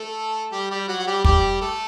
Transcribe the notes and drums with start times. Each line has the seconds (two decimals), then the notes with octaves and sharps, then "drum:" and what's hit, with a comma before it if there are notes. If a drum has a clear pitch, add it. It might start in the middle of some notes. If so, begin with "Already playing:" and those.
Already playing: A3 A4
0.52 G3 G4
0.71 G3 G4
0.88 F#3 F#4
0.99 F#4
1.07 G3 G4
1.24 G3 G4, drum: kick
1.61 A3 A4